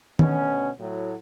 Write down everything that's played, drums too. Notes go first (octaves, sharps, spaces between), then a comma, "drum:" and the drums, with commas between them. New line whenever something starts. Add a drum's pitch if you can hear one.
D2 B2 C#4, drum: tom D#3
A2 F#3